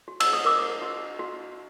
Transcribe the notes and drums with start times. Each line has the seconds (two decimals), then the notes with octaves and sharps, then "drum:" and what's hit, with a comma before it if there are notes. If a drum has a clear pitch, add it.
0.08 F#4
0.20 E6, drum: cymbal
0.33 D#6
0.45 A#4 D6 E6
0.82 F#4
1.19 F#4